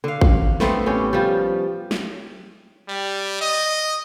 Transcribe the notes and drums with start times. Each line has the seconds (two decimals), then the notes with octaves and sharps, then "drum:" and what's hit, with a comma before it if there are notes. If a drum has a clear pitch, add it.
0.04 D3 F5
0.21 drum: kick A1
0.60 A3 B3 C4 A4, drum: snare
0.86 A2 C#4 G4
1.13 F3 G3
1.91 drum: snare
2.88 G3
3.41 D#5